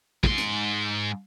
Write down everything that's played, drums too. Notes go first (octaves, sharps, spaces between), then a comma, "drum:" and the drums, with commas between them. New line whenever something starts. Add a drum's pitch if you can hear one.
G#2 C6, drum: kick
drum: hi-hat